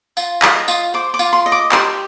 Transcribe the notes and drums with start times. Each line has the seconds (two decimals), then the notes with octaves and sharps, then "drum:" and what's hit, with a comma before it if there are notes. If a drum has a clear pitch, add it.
0.17 F4, drum: tambourine
0.42 D#5, drum: clap
0.68 F4, drum: tambourine
0.94 C5 D6
1.14 D6
1.19 F4, drum: tambourine
1.33 C6
1.46 D#5
1.52 D6
1.72 G4 C6, drum: clap